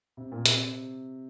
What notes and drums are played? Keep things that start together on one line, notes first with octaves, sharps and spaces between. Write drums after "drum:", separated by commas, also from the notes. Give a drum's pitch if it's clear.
C3
A#2
C3, drum: hi-hat